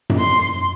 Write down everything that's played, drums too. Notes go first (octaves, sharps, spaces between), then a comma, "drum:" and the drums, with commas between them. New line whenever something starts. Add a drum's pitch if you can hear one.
drum: tom F#2
C6